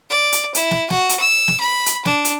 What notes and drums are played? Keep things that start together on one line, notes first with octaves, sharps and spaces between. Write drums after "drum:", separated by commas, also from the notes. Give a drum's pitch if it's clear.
D5
drum: hi-hat
E4, drum: hi-hat
drum: snare
F#4, drum: snare
drum: hi-hat
E6
drum: snare
B5
drum: hi-hat
D4, drum: snare
drum: hi-hat